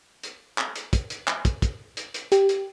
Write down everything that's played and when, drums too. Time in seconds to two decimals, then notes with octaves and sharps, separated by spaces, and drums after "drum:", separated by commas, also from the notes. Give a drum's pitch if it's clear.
0.23 drum: hi-hat
0.58 drum: clap
0.76 drum: hi-hat
0.93 drum: kick, hi-hat
1.10 drum: hi-hat
1.28 drum: clap
1.45 drum: kick, hi-hat
1.62 drum: kick, hi-hat
1.97 drum: hi-hat
2.14 drum: hi-hat
2.32 G4, drum: hi-hat
2.49 drum: hi-hat